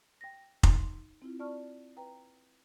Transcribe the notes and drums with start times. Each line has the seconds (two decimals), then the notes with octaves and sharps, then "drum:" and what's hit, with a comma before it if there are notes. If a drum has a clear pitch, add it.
0.21 G5 A#6
0.63 D#4 C6, drum: kick F1
1.22 C4 E4 F4
1.39 D5 A5 C#6 F6
1.97 B4 G5 A#5